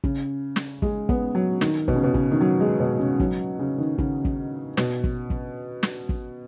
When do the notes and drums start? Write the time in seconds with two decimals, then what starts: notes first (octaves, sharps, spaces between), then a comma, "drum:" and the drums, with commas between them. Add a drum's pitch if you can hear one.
0.04 C#3, drum: kick
0.56 drum: snare
0.82 G#3, drum: kick
1.09 B3, drum: kick
1.35 F#3
1.61 D#3, drum: snare
1.88 B2, drum: kick
1.96 C#3
2.04 B2
2.14 C#3, drum: kick
2.32 D#3
2.41 F#3
2.60 G#3
2.80 B2
3.00 C#3
3.20 F#3, drum: kick
3.59 C#3
3.78 D#3
3.98 C#3, drum: kick
4.25 drum: kick
4.77 B2, drum: snare
5.04 drum: kick
5.30 drum: kick
5.83 drum: snare
6.09 drum: kick